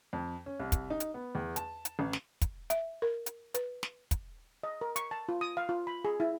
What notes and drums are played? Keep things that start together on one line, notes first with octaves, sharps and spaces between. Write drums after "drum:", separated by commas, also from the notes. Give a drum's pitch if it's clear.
F2
C#4
C2
drum: kick, hi-hat
D#4
drum: hi-hat
B3
E2
A5, drum: hi-hat
drum: hi-hat
A1
drum: snare
drum: kick, hi-hat
E5, drum: hi-hat
A#4
drum: hi-hat
B4, drum: hi-hat
drum: snare
drum: kick, hi-hat
D#5
A#4
C#6, drum: hi-hat
A5
F4
D#6
F5
F4
B5
G#4
E4